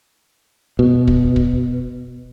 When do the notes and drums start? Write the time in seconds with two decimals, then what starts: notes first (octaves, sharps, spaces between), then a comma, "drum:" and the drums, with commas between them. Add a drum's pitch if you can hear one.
0.79 B2
1.07 drum: kick
1.36 drum: kick